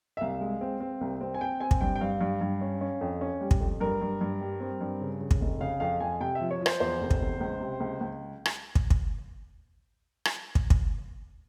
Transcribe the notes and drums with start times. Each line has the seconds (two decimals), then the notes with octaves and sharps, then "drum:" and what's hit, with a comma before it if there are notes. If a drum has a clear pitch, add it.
0.17 E5
0.21 C2 F5
0.41 G#3
0.61 C4
0.80 C4
1.01 C2
1.21 C4
1.34 G#5
1.41 C4 G5
1.60 C4 G#5
1.71 drum: kick
1.81 G2 G5
1.96 G5
2.01 G2 F5
2.21 G2
2.41 G2
2.61 C#4
2.81 C#4
3.01 F2
3.21 C#4
3.41 G3
3.51 drum: kick
3.60 F2
3.80 G2 A#4
4.01 G2
4.21 G2
4.41 G3
4.60 C4
4.81 G2
5.01 C#3
5.21 C#3
5.31 drum: kick
5.41 F1
5.60 C#3 F5
5.80 F2 F5
6.00 F2 G#5
6.20 C3 G5
6.35 E5
6.41 F3
6.51 C#5
6.61 F3
6.66 C5, drum: rim click
6.80 E2 C5
7.01 F1
7.11 drum: kick
7.21 E2
7.40 C#2
7.60 C3
7.80 C#2
8.01 C#2
8.45 drum: rim click
8.75 drum: kick
8.90 drum: kick
10.25 drum: rim click
10.55 drum: kick
10.70 drum: kick